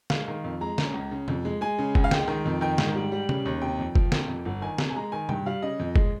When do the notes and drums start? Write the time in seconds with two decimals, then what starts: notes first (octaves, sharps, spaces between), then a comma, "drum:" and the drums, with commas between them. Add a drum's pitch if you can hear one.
0.10 G#3 F5, drum: snare
0.28 D#3
0.44 F2
0.61 G#3 A#5
0.78 C#3, drum: snare
0.94 C#2
1.11 C#3
1.28 F2, drum: tom C3
1.45 G#3
1.61 G#3 G#5
1.78 C#3
1.95 C#2, drum: kick F#1
2.04 F5
2.11 G#3 G5, drum: snare
2.28 D#3
2.45 F2
2.61 D#3 G5
2.78 G#2, drum: snare
2.95 G3
3.12 G3
3.29 C#3, drum: tom C3
3.45 D#2
3.62 C3 G5
3.79 F2
3.95 F3, drum: kick F#1
4.12 C3, drum: snare
4.28 F2
4.45 G1
4.62 D#3 G#5
4.78 C3, drum: snare
4.90 G#5
4.96 G#3 A#5
5.12 D#3 G#5
5.29 G2 G5, drum: tom C3
5.46 G3 F5
5.63 C#3 D#5
5.79 F2
5.96 G#3, drum: kick F#1